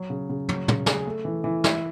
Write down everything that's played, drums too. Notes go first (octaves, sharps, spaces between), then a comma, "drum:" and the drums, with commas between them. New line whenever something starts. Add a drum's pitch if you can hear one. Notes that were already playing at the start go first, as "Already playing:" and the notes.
Already playing: F#3
C#3
C#3
F#3, drum: tom
C#3, drum: tom
G#4, drum: snare
A3
E3
E3
E4, drum: snare